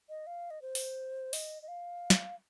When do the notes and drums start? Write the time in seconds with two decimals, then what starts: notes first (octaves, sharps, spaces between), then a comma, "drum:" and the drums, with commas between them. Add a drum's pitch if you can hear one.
0.09 D#5
0.27 F5
0.51 D#5
0.62 C5
0.75 drum: open hi-hat
1.33 D#5, drum: open hi-hat
1.62 D#5
1.68 F5
2.10 drum: snare